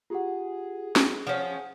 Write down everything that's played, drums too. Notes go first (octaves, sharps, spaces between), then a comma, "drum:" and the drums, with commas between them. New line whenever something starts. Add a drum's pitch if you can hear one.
F4 G4 G#4 F#5
drum: snare
F3 C#4 F#5